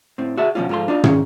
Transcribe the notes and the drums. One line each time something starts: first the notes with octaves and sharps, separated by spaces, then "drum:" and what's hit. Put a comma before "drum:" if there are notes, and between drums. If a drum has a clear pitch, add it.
A2 C4
F#4 G#4 E5 A5
B2 F3 A3 A#3 C#4 F4
G#2 F3 F4 A4 C6
D4 D#4 F4
D#3 G#3 C#4 G#4, drum: tom